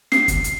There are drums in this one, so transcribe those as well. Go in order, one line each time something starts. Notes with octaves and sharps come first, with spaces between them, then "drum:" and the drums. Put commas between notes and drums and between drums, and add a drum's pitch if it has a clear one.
C7, drum: snare
drum: kick, hi-hat
drum: hi-hat